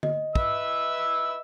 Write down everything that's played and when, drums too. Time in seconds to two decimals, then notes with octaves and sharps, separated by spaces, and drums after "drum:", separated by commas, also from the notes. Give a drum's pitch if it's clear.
0.03 D#5, drum: tom D3
0.35 B4 E5 E6, drum: kick